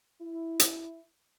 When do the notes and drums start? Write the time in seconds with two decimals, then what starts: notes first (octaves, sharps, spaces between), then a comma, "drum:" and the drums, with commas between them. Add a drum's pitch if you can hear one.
0.21 E4
0.60 drum: hi-hat